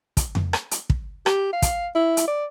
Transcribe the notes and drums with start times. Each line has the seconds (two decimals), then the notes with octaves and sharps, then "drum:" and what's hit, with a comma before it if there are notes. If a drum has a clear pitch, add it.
0.17 drum: kick, hi-hat
0.35 drum: tom F2
0.53 drum: rim click
0.71 drum: hi-hat
0.90 drum: kick
1.26 G4, drum: rim click
1.53 F5
1.62 drum: kick, hi-hat
1.95 E4
2.17 drum: hi-hat
2.28 D5